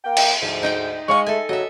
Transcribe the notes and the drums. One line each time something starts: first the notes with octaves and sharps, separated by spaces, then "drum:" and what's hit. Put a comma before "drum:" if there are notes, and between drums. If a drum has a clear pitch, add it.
A#3 G5
drum: cymbal
D2 G#2 F3
D#4 D#5 G5
G#3 D#5 F5 G#5 C#6
A3 A4 G#5
C#3 F#3 D#5 E5